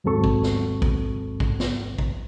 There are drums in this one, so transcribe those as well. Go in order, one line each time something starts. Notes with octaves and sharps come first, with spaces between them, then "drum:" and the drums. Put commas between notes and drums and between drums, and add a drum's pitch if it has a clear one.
D#2 G#2 F#3 C4 A4 C#6
drum: kick
drum: snare B4
drum: kick
drum: kick
drum: snare B4
drum: kick